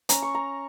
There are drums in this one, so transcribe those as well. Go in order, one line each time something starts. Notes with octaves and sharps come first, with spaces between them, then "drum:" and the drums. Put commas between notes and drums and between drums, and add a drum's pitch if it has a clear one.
C#4 A#5, drum: hi-hat
C#6
A#5